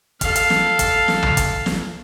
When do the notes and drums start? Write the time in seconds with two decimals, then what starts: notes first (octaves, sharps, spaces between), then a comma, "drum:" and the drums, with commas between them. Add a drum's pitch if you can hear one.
0.21 A4 F5, drum: kick, hi-hat
0.36 drum: hi-hat
0.50 drum: snare
0.79 drum: kick, hi-hat
1.08 drum: snare
1.22 drum: tom
1.37 drum: kick, hi-hat
1.66 drum: snare